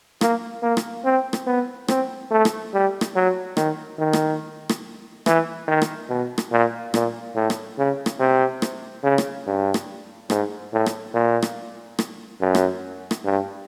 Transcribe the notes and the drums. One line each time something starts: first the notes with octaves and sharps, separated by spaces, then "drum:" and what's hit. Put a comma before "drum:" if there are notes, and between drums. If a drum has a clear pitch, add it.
A#3, drum: rim click
A#3
drum: rim click
C4
drum: rim click
B3
C4, drum: rim click
A3
drum: rim click
G3
drum: rim click
F#3
D#3, drum: rim click
D#3
drum: rim click
drum: rim click
E3, drum: rim click
D#3
drum: rim click
B2
drum: rim click
A#2
A#2, drum: rim click
A2
drum: rim click
C#3
drum: rim click
C3
drum: rim click
C#3
drum: rim click
G2
drum: rim click
G#2, drum: rim click
A2
drum: rim click
A#2
drum: rim click
drum: rim click
F#2
drum: rim click
drum: rim click
G2